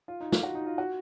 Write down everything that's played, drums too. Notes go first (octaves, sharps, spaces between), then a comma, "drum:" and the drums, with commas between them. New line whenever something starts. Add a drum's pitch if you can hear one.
F4
D#4
F4, drum: snare
F#4
D#4
F4
F#4